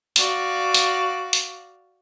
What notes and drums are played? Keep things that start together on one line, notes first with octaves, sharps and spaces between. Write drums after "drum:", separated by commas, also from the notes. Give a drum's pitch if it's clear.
F#4 D5 F5, drum: hi-hat
drum: hi-hat
drum: hi-hat